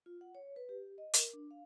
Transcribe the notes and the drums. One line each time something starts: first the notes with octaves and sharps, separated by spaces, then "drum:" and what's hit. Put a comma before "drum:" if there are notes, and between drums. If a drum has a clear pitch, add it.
F4
F#5
C#5
B4
G4
D#5
A#4, drum: hi-hat
D4
F5